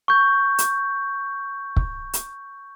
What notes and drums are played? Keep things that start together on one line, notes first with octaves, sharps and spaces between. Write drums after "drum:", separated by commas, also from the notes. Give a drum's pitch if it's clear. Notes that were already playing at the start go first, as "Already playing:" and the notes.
C#6 G6
drum: hi-hat
drum: kick
drum: hi-hat